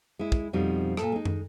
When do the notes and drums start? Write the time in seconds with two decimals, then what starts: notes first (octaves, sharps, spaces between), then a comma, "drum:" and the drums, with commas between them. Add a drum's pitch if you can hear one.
0.19 G#3 E4
0.32 drum: kick
0.53 F2 B2 F3 G3 D#4
0.97 A#2 A4, drum: rim click
1.12 G#3 D#4
1.25 drum: tom